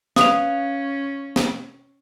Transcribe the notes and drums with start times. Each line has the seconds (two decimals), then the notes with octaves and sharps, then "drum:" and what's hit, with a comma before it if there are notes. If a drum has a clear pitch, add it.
0.16 C#4 B4 F5 D#6 F7, drum: snare
1.36 drum: snare